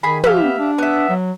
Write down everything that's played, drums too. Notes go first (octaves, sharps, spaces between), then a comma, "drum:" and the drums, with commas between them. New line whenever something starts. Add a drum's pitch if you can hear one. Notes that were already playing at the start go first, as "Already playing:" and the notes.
D#3 G#4 B5
F3 G4 E5 F5, drum: tom
B3
D4
B3 E5
F#3